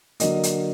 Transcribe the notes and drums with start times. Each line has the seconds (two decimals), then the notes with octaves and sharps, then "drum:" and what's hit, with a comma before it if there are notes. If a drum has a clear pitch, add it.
0.20 D3 F#3 A#3 D#5, drum: hi-hat
0.43 drum: hi-hat